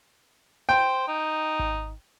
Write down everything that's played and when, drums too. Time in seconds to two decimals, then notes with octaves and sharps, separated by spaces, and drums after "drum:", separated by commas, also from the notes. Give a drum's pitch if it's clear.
0.69 C5 G5
1.07 D#4
1.59 drum: kick G#1